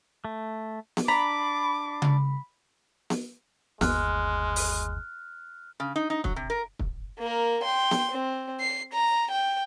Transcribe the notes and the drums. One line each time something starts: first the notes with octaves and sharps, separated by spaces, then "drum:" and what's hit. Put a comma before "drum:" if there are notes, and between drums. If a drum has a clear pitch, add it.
A3
drum: snare B3
D4 A#5 B5 D6
drum: tom C#3
drum: snare B3
G1 D#2 G#3 F6 F#6, drum: snare B3
drum: open hi-hat
C#3
D#4
D#4
F#3, drum: kick
C3
A#4
drum: kick
A#3 A#4
G5 C6
drum: snare B3
C4
C7
A#5
G5